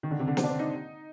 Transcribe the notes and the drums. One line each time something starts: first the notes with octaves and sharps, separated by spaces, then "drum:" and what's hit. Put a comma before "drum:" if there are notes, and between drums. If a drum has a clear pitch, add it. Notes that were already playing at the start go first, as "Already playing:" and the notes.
D#3
D3
C3
D3
C4, drum: snare
D4
C4
D#4